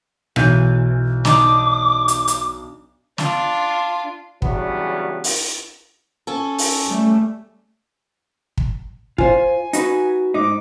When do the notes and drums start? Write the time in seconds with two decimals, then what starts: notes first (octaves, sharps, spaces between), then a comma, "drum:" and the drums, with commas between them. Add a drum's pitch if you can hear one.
0.36 B1 E3 G6, drum: rim click
1.25 D4 D#4 D6, drum: snare
2.08 drum: hi-hat
2.28 drum: hi-hat
3.18 D4 F4, drum: snare
4.42 C#3 E3 F#3 G3 B3 D4, drum: kick
5.24 drum: open hi-hat
6.27 C#4 A4
6.58 drum: open hi-hat
6.86 G3 A3
8.58 drum: kick
9.18 F4 C5 F5 G#5, drum: kick
9.73 D#4 F#4 B4, drum: hi-hat
10.34 G#2 D#4 D6